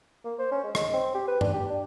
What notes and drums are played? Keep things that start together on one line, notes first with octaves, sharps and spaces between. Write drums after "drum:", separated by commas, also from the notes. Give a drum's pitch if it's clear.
A#3
C5
C#4
G#3
D#4, drum: rim click
C4
G4
B4
D4, drum: tom G2
G4
D4